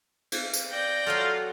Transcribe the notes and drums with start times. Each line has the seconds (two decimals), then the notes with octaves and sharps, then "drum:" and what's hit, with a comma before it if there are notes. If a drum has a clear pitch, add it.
0.32 drum: cymbal
0.54 drum: tambourine
0.72 D5 G5 G6 A#6
1.06 F#3 F4 F#4 A4